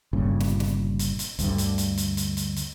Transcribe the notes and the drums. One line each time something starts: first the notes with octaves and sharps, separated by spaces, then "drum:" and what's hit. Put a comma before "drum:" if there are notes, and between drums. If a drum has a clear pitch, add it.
G1 G2 A#2 C#3
drum: snare
drum: snare
drum: hi-hat
drum: hi-hat
D2 G2 D3, drum: hi-hat
drum: hi-hat
drum: hi-hat
drum: hi-hat
drum: hi-hat
drum: hi-hat
drum: hi-hat